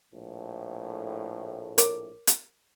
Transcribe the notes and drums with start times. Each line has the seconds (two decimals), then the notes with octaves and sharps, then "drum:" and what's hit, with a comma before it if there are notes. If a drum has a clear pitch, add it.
0.13 A#1 A2
1.78 A#4 C#5 D6, drum: hi-hat
2.27 drum: hi-hat